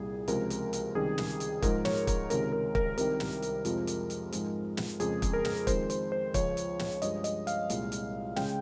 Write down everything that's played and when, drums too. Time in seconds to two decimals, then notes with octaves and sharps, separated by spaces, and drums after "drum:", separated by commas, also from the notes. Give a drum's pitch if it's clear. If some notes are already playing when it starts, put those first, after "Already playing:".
Already playing: C2 A#2 G3 G#4
0.28 C#2 C3 F3 G#3 A#4, drum: hi-hat
0.50 drum: hi-hat
0.73 drum: hi-hat
0.95 C#2 C3 D#3 G3 G#4
1.18 drum: snare
1.40 drum: hi-hat
1.62 G#2 F3 G#3 A#4, drum: kick, hi-hat
1.85 C#5, drum: snare
2.07 A#4, drum: kick, hi-hat
2.30 C#2 C3 D#3 G#3 A#4, drum: hi-hat
2.53 A#4
2.75 A#4, drum: kick
2.98 C2 C3 D#3 G3 A#4, drum: hi-hat
3.20 drum: snare
3.42 drum: hi-hat
3.65 F2 C3 F3 G#3, drum: hi-hat
3.87 drum: hi-hat
4.10 drum: hi-hat
4.32 G#2 F3 G#3, drum: hi-hat
4.77 drum: snare
5.00 F2 C#3 G#3 G#4, drum: hi-hat
5.22 drum: kick, hi-hat
5.33 A#4
5.45 drum: snare
5.67 F2 D#3 G#3 C5, drum: kick, hi-hat
5.90 C5, drum: hi-hat
6.12 C5
6.34 C#2 C#3 F3 G#3 C#5, drum: kick, hi-hat
6.57 drum: hi-hat
6.79 drum: snare
7.02 G2 F3 G#3 D#5, drum: hi-hat
7.24 D#5, drum: hi-hat
7.47 F5, drum: hi-hat
7.70 C2 A#2 G#3, drum: hi-hat
7.92 drum: hi-hat
8.36 C#3 G#3 G5, drum: snare